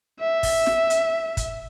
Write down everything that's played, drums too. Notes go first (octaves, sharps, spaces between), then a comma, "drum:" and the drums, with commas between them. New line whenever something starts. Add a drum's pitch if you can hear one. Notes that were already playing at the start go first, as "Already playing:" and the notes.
E5
drum: kick, open hi-hat
drum: snare
drum: hi-hat
drum: kick, hi-hat